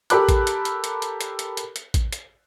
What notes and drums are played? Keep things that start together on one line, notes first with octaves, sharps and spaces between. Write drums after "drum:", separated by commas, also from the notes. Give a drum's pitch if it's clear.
G4 A4 A#4 B5 D6 F#6, drum: hi-hat
drum: kick A1, hi-hat
drum: hi-hat
drum: hi-hat
drum: hi-hat
drum: hi-hat
drum: hi-hat
drum: hi-hat
drum: hi-hat
drum: hi-hat
drum: kick A1, hi-hat
drum: hi-hat